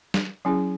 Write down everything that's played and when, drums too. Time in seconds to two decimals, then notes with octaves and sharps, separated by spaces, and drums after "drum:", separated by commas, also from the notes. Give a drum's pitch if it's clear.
0.14 drum: snare
0.45 F#3 C#4 E4 G#4